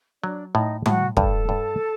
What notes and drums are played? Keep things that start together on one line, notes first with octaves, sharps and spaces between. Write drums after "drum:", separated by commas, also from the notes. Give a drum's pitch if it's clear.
F#3 D4 D5
A2 D#4 D#5
A2 F#4 F#5, drum: tom
G2 A4 A5, drum: kick
G2